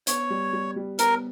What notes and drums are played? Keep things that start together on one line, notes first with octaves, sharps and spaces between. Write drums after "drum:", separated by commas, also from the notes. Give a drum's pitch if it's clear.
B3 C#5, drum: hi-hat
G3
G3
G3
B3 A#4, drum: hi-hat